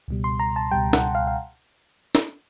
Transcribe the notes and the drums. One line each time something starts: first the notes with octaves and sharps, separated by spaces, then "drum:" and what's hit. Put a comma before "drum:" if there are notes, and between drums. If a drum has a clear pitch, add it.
C#2 B2 G3
C6
A#5
A5
C#2 B2 G3 G5
F#5, drum: snare
F5
F5
drum: snare